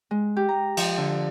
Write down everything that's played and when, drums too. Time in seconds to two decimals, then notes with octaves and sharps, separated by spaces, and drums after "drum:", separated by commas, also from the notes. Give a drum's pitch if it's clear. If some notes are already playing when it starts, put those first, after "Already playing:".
0.11 G#3
0.37 G4
0.49 A#5
0.77 F3, drum: cymbal
0.98 D3